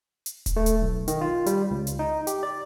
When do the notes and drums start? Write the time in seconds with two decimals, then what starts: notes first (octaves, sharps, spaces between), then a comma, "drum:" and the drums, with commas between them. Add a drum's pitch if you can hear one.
0.26 drum: hi-hat
0.46 drum: kick D#1, hi-hat
0.56 A3
0.66 drum: hi-hat
0.81 B1
1.08 D#3, drum: hi-hat
1.21 F4
1.46 G3, drum: hi-hat
1.71 C#2
1.87 drum: hi-hat
1.99 D#4
2.27 G4, drum: hi-hat
2.43 D5